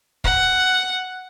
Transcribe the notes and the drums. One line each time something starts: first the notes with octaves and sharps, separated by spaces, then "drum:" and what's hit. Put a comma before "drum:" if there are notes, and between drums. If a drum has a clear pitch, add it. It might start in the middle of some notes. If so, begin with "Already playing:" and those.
F#5, drum: kick